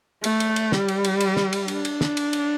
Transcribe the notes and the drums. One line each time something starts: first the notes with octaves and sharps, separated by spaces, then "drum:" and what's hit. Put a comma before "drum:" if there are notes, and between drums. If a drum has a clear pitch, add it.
A3, drum: cymbal
drum: cymbal
drum: cymbal
G3, drum: snare
drum: cymbal
drum: cymbal
drum: cymbal
drum: snare
drum: cymbal
D4, drum: cymbal
drum: cymbal
drum: snare
drum: cymbal
drum: cymbal